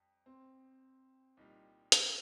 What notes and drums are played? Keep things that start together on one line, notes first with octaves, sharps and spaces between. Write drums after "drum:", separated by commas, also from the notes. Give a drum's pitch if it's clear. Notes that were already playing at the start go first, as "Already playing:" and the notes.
Already playing: F2 G3
C4
C2 A#2 G3 D#4
drum: hi-hat